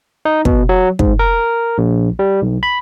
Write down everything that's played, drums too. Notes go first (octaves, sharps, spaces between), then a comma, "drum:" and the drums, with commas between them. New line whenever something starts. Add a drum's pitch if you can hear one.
D#4
B2, drum: kick
F#3
G#2, drum: kick
A#4
A#1
G3
B1
B5